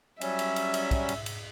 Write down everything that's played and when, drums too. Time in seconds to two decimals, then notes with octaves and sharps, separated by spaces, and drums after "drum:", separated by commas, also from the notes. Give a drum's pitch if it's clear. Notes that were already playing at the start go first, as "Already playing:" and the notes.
0.21 F#3 G3 C#4 E5, drum: cymbal
0.39 drum: cymbal
0.56 drum: cymbal
0.74 drum: cymbal
0.91 drum: kick, cymbal
1.09 drum: cymbal
1.26 drum: cymbal